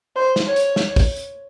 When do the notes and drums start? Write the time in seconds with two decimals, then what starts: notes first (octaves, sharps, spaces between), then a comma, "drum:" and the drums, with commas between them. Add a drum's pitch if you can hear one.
0.16 C5
0.36 drum: snare
0.47 C#5
0.56 drum: hi-hat
0.76 drum: snare
0.96 drum: kick, open hi-hat
1.17 drum: hi-hat